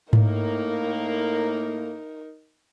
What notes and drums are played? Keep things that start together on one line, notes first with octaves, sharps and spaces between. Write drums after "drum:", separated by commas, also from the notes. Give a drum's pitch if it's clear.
A2 A#3 D#4 A#4, drum: tom G#2